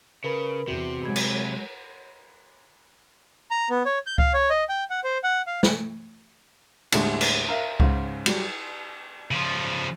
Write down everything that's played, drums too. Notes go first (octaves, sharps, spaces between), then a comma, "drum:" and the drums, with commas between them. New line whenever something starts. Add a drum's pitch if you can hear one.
C#3 A#4 B4 B5
E2 C3 F#4
F#3 G#3 B5 G#6
drum: cymbal
A#5
B3
C#5
G6
F5, drum: kick C#2
C#5
D#5
G5
F#5
C5
F#5
F5
drum: snare
D#2 A2 D3 G3 G#3, drum: cymbal
drum: cymbal
A#4 E5 F5
G#2 C#3, drum: kick C#2
F#3 G3, drum: cymbal
C#3 F3